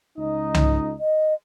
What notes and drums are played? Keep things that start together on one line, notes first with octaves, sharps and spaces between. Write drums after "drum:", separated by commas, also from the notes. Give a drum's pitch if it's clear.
C#2 D#4 D#5
drum: tom C2
D#5